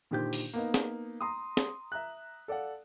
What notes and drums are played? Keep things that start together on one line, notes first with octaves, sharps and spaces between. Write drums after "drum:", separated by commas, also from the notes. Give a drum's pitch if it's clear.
A#2 D3 D#3 G4 C5 G6
drum: open hi-hat
A#3 B3 D#4
drum: snare
A#5 C6 D#6
drum: snare
E5 A#5 F#6
A4 D5 F5 F#5